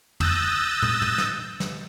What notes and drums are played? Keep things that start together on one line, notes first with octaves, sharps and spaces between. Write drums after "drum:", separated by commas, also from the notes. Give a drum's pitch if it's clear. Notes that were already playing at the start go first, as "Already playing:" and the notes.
D#6 E6 F#6 G6 A6 A#6, drum: tom
drum: tom
drum: tom
drum: snare
drum: snare